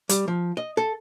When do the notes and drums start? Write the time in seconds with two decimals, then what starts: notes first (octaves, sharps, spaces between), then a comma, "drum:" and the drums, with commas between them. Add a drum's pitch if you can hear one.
0.09 G3, drum: hi-hat
0.28 F3
0.57 D#5
0.77 A4